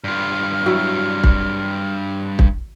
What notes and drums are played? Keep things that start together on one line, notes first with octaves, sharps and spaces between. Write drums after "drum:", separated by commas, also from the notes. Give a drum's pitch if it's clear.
G2 F4 F6
F#3 E4
drum: kick
drum: kick